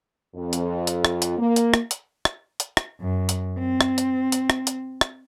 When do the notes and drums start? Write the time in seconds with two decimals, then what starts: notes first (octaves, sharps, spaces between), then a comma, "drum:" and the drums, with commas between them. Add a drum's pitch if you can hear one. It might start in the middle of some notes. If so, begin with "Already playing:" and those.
0.36 F2
0.53 drum: hi-hat
0.87 drum: hi-hat
1.05 drum: rim click
1.22 drum: hi-hat
1.38 A#3
1.56 drum: hi-hat
1.74 drum: rim click
1.91 drum: hi-hat
2.25 drum: rim click
2.60 drum: hi-hat
2.77 drum: rim click
3.00 F#2
3.29 drum: hi-hat
3.59 C4
3.81 drum: rim click
3.98 drum: hi-hat
4.32 drum: hi-hat
4.50 drum: rim click
4.67 drum: hi-hat
5.01 drum: rim click